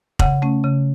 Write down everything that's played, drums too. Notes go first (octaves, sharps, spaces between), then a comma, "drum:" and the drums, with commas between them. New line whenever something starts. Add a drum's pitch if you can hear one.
C#3 F#5, drum: kick F1
A3 C#4
C#3